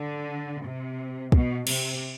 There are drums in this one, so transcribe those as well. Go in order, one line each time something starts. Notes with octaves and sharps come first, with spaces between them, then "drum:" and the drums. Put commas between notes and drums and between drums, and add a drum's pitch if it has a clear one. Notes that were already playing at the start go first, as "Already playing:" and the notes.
Already playing: D3
C3
B2, drum: kick
C3, drum: cymbal